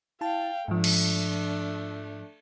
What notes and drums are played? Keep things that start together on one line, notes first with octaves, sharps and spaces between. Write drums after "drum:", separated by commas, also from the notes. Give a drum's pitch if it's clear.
E4 F5 G5 A5
G#2 F3 A3 D4
drum: cymbal